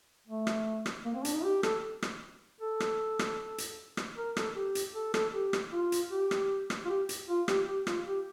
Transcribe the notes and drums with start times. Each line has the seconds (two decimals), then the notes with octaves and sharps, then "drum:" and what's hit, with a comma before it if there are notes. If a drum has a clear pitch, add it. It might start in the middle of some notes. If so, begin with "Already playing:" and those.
0.28 A3
0.47 drum: rim click
0.86 drum: rim click
1.05 A#3
1.15 C4
1.25 D4, drum: hi-hat
1.34 D#4
1.44 G4
1.63 A4, drum: rim click
2.02 drum: rim click
2.61 A4
2.80 drum: rim click
3.19 drum: rim click
3.58 drum: hi-hat
3.97 drum: rim click
4.17 A#4
4.37 A4, drum: rim click
4.56 G4
4.75 drum: hi-hat
4.95 A4
5.14 A4, drum: rim click
5.33 G4
5.53 drum: rim click
5.72 F4
5.92 drum: hi-hat
6.11 G4
6.31 drum: rim click
6.70 drum: rim click
6.85 F4
6.89 G4
7.09 drum: hi-hat
7.28 F4
7.48 G4, drum: rim click
7.67 G4
7.87 F4, drum: rim click
8.06 G4